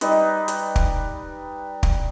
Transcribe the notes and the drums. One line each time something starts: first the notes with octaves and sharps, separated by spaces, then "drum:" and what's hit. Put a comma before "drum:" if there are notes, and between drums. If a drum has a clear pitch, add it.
G3 D#4 B4, drum: hi-hat
drum: hi-hat
drum: kick
drum: kick